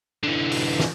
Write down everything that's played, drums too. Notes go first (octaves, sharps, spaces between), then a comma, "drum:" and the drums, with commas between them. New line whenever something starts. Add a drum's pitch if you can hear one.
D3 E3
drum: open hi-hat
drum: snare